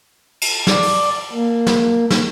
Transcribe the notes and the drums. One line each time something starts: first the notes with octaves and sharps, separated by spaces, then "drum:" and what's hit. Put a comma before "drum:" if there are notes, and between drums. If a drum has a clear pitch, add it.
drum: cymbal
D5, drum: snare
drum: open hi-hat
A#3
drum: snare
drum: snare